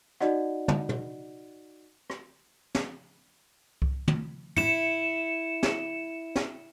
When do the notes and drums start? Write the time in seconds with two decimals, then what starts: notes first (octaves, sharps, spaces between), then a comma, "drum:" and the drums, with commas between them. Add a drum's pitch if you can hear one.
0.20 D#4 F#4 D5 D#5 F#5, drum: rim click
0.68 drum: tom
0.89 drum: tom
2.10 drum: rim click
2.75 drum: snare
3.82 drum: kick C2
4.08 drum: tom
4.56 E4 C#7 E7, drum: tom
5.63 drum: snare
6.35 drum: snare